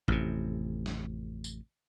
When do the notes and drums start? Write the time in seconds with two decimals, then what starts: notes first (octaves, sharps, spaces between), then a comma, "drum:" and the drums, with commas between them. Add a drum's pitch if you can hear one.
0.08 A1 F2 C3, drum: kick G#1
0.86 drum: snare
1.44 drum: tambourine